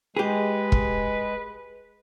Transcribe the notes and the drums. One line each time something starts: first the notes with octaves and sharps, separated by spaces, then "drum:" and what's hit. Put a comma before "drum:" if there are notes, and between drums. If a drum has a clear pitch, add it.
G#3 G4 G#4 B4
drum: kick